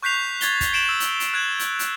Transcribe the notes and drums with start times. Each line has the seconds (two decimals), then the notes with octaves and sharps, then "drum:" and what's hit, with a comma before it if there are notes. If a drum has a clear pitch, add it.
0.03 C#6 F#6 G6 B6 C7 F7
0.41 C#6 G#6 A6 G7, drum: hi-hat
0.61 drum: kick, hi-hat
0.73 C7 D7 E7 F#7 G7
0.89 E6
1.00 drum: hi-hat
1.20 drum: hi-hat
1.34 F#6 G#6 E7 F#7
1.59 drum: hi-hat
1.79 drum: hi-hat